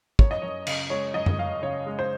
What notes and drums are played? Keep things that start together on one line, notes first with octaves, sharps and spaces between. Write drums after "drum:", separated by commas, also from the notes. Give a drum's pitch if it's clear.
F#2 C#5, drum: kick
D#5
F#2 C#5
C#3, drum: cymbal
G#3 C#5
F#2 D#5
drum: tom F#2
F#2 F5
C#3 C#5
G#3
C5